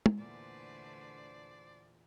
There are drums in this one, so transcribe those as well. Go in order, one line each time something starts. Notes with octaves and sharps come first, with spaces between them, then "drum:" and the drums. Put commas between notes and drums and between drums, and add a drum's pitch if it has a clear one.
drum: tom
E2 A#2 D3 A3 D4 B4 C5 D5